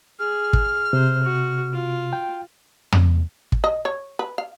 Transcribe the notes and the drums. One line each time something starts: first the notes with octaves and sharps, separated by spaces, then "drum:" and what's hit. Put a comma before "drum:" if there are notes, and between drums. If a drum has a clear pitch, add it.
G#4 F6
drum: kick
C3 C5
F#4
F4
G5
drum: tom
drum: kick
D#5
C#5
B4
F5